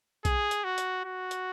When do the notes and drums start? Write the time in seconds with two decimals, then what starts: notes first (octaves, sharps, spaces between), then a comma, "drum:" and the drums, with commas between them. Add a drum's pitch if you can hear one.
0.25 G#4, drum: kick, hi-hat
0.51 drum: hi-hat
0.64 F#4
0.78 drum: hi-hat
1.05 F#4
1.31 drum: hi-hat